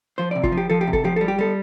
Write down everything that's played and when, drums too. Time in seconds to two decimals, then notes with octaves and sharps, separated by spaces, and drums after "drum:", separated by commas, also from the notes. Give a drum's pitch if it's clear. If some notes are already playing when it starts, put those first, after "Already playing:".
0.18 F3 C5
0.31 C3 D5
0.44 F4, drum: kick
0.52 F3
0.57 G4
0.70 F3 A4
0.81 G4
0.87 C3
0.93 A4, drum: kick
1.04 F3 G4
1.16 G3 A4
1.28 G4
1.39 G3 A4